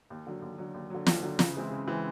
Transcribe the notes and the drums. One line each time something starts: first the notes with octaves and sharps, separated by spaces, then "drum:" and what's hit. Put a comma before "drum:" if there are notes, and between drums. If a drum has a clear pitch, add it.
D#2
D3 F#3
D#2
D3 F#3
D#2
D3 F#3
D#2, drum: snare
D3 F#3
C#3, drum: snare
E3 G#3 C4 E4
C#3
E3 G#3 C4 E4